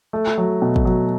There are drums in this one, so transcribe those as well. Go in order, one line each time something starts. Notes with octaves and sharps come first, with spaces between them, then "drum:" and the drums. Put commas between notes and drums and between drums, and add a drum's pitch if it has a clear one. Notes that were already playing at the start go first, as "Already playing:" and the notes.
A3
F#3
B2
drum: kick
F#3